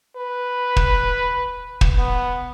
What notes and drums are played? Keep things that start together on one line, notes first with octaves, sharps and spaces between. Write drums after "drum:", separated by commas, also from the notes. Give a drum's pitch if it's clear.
B4
drum: kick
drum: kick
B3